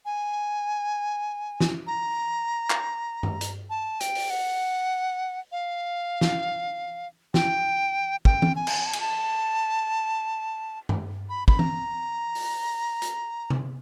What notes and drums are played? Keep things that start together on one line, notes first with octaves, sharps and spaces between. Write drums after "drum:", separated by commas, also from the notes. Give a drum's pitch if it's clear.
G#5
drum: snare
A#5
drum: clap
drum: tom G2
drum: hi-hat
A5
G5, drum: hi-hat
drum: open hi-hat
F#5
F5
drum: snare
G5, drum: snare
G5, drum: kick
drum: tom E3
G#5
drum: cymbal
A5
G#5, drum: cymbal
A5
drum: tom G2
B5
B5, drum: kick
A#5, drum: tom E3
drum: open hi-hat
drum: hi-hat
drum: tom C3